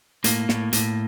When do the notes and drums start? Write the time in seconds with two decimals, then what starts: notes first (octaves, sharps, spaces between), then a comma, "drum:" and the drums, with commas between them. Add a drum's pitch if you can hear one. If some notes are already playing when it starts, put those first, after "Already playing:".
0.24 A2 A#3, drum: hi-hat
0.49 A2, drum: snare
0.73 A2, drum: hi-hat